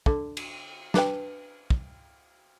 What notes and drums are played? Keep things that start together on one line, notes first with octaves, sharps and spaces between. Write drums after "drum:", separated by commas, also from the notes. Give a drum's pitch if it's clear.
D3, drum: kick
drum: cymbal
D4 B4 G5, drum: snare
drum: kick